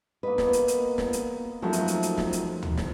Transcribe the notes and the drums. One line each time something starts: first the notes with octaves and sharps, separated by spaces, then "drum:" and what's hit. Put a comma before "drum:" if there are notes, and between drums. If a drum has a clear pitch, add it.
A#3 B3 B4 D#5
drum: snare
drum: hi-hat
drum: hi-hat
drum: snare
drum: hi-hat
F#2 C3 F3 F#3 A3 D#4
drum: hi-hat
drum: hi-hat
drum: hi-hat
drum: snare
drum: hi-hat
drum: tom D2
drum: snare